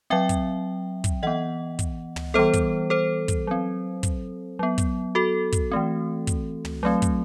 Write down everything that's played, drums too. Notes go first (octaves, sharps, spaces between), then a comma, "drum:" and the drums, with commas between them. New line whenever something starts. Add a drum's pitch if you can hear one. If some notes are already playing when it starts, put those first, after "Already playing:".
F#3 C4 E5 G5
drum: kick, hi-hat
drum: kick, hi-hat
E3 B3 D#5 F#5
drum: kick, hi-hat
drum: tom
E3 G3 B3 A4 C5
drum: kick, hi-hat
A4 C5
drum: kick, hi-hat
F#3 C4
drum: kick, hi-hat
F#3 B3
drum: kick, hi-hat
F#4 A4
drum: kick, hi-hat
E3 A3 C4
drum: kick, hi-hat
drum: tom
F#3 A3 C4
drum: kick, hi-hat